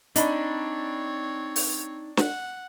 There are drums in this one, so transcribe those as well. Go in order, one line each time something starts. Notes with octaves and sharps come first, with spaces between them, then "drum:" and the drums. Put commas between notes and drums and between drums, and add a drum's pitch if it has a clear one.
C4 D4 D#4 C#5 B5, drum: hi-hat
drum: open hi-hat
F#5, drum: snare